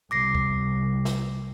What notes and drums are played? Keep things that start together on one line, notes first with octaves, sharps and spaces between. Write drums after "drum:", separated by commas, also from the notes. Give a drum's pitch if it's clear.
C2 D6 A#6 C7
drum: kick
drum: snare